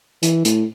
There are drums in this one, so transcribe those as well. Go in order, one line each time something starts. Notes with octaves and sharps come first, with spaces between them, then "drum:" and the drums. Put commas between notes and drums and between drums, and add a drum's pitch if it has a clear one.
E3, drum: hi-hat
A2, drum: hi-hat